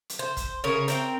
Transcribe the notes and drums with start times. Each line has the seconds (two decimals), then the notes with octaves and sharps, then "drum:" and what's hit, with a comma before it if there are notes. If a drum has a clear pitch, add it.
0.09 drum: hi-hat
0.19 C5
0.37 drum: kick, hi-hat
0.64 C#3 A#4 C#5
0.88 C4 A#4 G5, drum: hi-hat